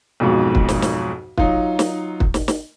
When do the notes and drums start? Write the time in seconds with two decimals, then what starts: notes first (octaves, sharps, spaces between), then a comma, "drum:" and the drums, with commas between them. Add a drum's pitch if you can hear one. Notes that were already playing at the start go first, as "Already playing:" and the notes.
0.20 B1 F2 G#2 B2
0.55 drum: kick
0.69 drum: snare
0.82 drum: snare
1.38 F#3 D#4 F4, drum: kick
1.79 drum: snare
2.20 drum: kick
2.34 drum: snare
2.48 drum: snare